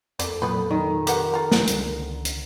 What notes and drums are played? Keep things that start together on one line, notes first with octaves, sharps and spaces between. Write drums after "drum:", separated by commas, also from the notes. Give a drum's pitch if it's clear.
F2 A#3 A4 D5, drum: hi-hat
A#2 F#3 B3 B4
D#3
G4 A#4 B4 F#5, drum: hi-hat
F4 A#5
drum: snare
C#2 D3, drum: hi-hat
drum: hi-hat